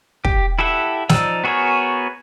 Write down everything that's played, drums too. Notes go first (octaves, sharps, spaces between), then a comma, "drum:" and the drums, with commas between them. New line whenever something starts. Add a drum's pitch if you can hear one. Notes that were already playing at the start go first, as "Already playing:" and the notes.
G4, drum: kick
E4 G4 A4 E5 F#5
F3 D#4 D5 E6, drum: snare
B3 F#4 G#4 A#4 C#5